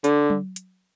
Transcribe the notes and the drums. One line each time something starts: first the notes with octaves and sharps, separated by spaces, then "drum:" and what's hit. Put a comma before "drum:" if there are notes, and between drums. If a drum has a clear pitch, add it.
D3, drum: hi-hat
drum: tom F#3
drum: hi-hat